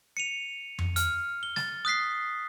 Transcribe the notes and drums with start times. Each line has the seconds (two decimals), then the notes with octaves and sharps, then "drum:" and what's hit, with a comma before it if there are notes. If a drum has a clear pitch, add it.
0.17 C#7 D#7 F7
0.79 drum: tom F2
0.96 F6, drum: hi-hat
1.43 G7
1.56 A6, drum: snare
1.85 D#6 F#6 B6 C7